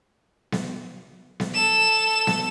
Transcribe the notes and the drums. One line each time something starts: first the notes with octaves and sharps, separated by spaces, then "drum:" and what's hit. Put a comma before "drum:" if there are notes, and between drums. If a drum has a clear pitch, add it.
drum: snare B3
drum: snare B3
A4 E7
drum: snare B3